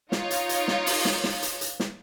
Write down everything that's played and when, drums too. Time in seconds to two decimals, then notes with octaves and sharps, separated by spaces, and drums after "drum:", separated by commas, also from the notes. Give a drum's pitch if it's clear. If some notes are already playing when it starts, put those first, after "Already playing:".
0.12 D#4 F4 C#5, drum: snare
0.31 drum: hi-hat
0.49 drum: hi-hat
0.68 drum: snare
0.86 drum: open hi-hat
1.05 drum: snare
1.24 drum: snare
1.42 drum: hi-hat
1.61 drum: hi-hat
1.80 drum: snare